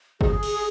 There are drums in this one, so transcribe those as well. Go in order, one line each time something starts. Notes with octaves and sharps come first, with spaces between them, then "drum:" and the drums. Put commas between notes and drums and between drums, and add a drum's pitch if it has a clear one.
G#4, drum: kick G1
drum: cymbal